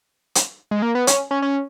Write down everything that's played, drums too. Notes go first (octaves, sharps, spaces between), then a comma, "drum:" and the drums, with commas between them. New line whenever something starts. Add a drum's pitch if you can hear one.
drum: hi-hat
G#3
A#3
B3
C#4, drum: hi-hat
C#4
C#4